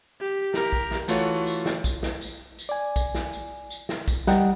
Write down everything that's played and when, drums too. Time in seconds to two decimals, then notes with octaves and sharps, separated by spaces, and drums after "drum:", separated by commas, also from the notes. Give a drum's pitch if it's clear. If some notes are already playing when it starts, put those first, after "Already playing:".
0.21 G4
0.54 G4 A#4, drum: snare
0.73 drum: kick A#1
0.91 drum: snare
1.08 E3 A3 F4 F#4 C#5, drum: tambourine
1.47 drum: tambourine
1.66 drum: snare
1.84 drum: kick A#1, tambourine
2.03 drum: snare
2.21 drum: tambourine
2.59 drum: tambourine
2.69 D5 G#5
2.96 drum: kick A#1, tambourine
3.15 drum: snare
3.33 drum: tambourine
3.70 drum: tambourine
3.89 drum: snare
4.08 drum: kick A#1, tambourine
4.27 G3 D#5 F#5 G5 A#5, drum: snare